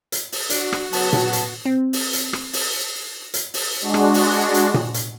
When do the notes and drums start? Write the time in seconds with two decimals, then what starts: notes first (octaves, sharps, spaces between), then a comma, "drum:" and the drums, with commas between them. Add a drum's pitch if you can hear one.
0.12 drum: hi-hat
0.32 drum: open hi-hat
0.50 D4 F#4, drum: hi-hat
0.73 drum: rim click
0.93 C#3 F#3 B3 A5, drum: open hi-hat
1.13 drum: tom A#2
1.33 drum: hi-hat
1.65 C4
1.93 drum: open hi-hat
2.13 drum: hi-hat
2.33 drum: rim click
2.53 drum: open hi-hat
3.34 drum: hi-hat
3.54 drum: open hi-hat
3.81 G#3 D4 F#4
3.94 drum: rim click
4.14 drum: open hi-hat
4.54 drum: hi-hat
4.74 drum: tom A#2
4.94 drum: hi-hat